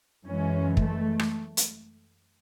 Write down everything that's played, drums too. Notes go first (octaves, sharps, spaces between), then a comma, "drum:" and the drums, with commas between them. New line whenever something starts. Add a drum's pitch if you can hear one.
F#2 E3 G#3 C#4
A3, drum: kick
drum: rim click
drum: hi-hat